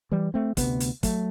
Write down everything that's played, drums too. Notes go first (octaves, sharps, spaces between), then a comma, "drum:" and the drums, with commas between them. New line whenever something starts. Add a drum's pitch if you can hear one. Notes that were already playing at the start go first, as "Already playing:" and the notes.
E3 G3
A3 C4
D2 C3 G3 B3, drum: kick, hi-hat
drum: hi-hat
F#3 A3, drum: kick, hi-hat